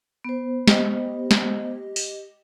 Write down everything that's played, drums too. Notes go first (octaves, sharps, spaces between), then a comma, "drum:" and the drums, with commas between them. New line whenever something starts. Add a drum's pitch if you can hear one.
B3 C5
G4 D#5, drum: snare
drum: snare
drum: open hi-hat